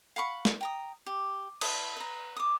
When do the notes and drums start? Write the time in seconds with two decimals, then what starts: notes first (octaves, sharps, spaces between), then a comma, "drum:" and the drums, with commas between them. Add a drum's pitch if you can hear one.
0.16 F5 F#5 B5 C#6
0.45 drum: snare
0.61 G5 A#5 D#6
1.06 G4
1.61 E4 A4 B4 D#6, drum: cymbal
1.97 B4 A#5
2.36 D6 D#6